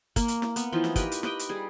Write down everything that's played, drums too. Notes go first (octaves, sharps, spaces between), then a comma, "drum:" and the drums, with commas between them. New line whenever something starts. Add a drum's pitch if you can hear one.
A#3, drum: kick, hi-hat
drum: hi-hat
drum: snare
B3, drum: hi-hat
E3 F3 D#4 F4
drum: snare
G4 A#4 B4 D#5, drum: kick, hi-hat
drum: hi-hat
G4 B4 D#5 G5, drum: snare
drum: hi-hat
G3 G#4